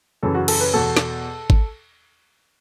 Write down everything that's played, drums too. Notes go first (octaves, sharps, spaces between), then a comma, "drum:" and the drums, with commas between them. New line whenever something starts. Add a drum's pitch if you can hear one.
F#2 C#3 E3 A4
F#4
A4, drum: cymbal
B4
E2 B2 A4
drum: snare
drum: kick